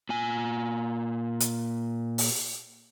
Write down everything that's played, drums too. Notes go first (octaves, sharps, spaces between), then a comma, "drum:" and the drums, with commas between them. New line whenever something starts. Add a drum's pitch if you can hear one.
A#2 G#5
drum: hi-hat
drum: open hi-hat